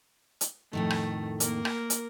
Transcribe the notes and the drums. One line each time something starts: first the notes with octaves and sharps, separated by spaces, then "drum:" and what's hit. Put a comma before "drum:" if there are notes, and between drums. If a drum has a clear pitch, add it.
drum: hi-hat
F2 A2 D#3 A3
drum: rim click
A#3 A#4, drum: hi-hat
drum: rim click
drum: hi-hat